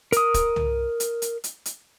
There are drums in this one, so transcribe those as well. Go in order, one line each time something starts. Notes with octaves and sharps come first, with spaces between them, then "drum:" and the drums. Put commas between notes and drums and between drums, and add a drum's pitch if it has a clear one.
A#4 D#6, drum: hi-hat
drum: kick, hi-hat
drum: tom
drum: hi-hat
drum: hi-hat
drum: hi-hat
drum: hi-hat